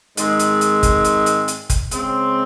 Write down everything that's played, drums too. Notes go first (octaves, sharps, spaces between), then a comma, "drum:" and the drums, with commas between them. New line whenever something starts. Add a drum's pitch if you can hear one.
G#2 D#3 G#3 C4, drum: hi-hat
drum: hi-hat
drum: hi-hat
drum: kick, hi-hat
drum: hi-hat
drum: hi-hat
drum: hi-hat
drum: kick, hi-hat
C#3 G#3 C4, drum: hi-hat